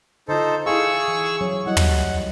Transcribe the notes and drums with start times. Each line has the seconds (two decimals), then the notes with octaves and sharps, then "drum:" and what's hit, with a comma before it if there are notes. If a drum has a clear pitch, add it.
0.28 D3 D#4 F4 A4 C5
0.66 E4 G#4 F5 C#6 E6
1.08 E3
1.41 F#3 C#4 C#5
1.66 G3 E4 D#5 F#5
1.77 drum: tom